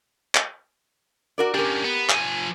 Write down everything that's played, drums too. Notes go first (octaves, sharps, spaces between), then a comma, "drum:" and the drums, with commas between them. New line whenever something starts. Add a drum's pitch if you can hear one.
drum: clap
F#4 A#4 D5
C#4 D4 G4 A#4
B3
F3 G#5, drum: clap